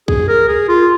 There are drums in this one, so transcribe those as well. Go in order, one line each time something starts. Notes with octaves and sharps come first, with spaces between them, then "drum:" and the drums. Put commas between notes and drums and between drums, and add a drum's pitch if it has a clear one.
G#4, drum: kick B1
A#4
G#4
F4